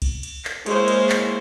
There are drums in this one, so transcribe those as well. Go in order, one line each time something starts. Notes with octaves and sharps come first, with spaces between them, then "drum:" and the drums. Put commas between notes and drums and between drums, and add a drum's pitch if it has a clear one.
drum: kick C2, cymbal
drum: cymbal
drum: clap
G#3 A#3 E4 C5 C#5 F5, drum: cymbal
drum: cymbal
drum: clap